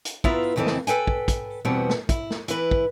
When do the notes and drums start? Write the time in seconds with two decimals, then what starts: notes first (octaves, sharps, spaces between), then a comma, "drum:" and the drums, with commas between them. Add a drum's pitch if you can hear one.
0.05 drum: hi-hat
0.24 B3 E4 F4 B4 E5 A#5, drum: kick
0.56 F2 C#3 E3 C4 A4 D#5
0.66 drum: snare
0.87 A4 B4 G5 G#5, drum: hi-hat
1.07 drum: kick
1.28 drum: kick, hi-hat
1.65 E2 B2 G3 B3 C4
1.89 drum: snare
2.09 E4, drum: kick, hi-hat
2.30 drum: snare
2.48 E3 E4 B4, drum: hi-hat
2.71 drum: kick